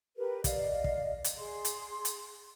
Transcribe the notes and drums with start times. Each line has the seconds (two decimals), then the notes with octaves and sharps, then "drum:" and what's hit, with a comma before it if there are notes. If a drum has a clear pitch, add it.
0.17 G4 A#4 B4
0.44 D5 D#5 F5, drum: kick, hi-hat
0.84 drum: kick
1.24 drum: hi-hat
1.37 G#4 C6
1.65 drum: hi-hat
2.05 drum: hi-hat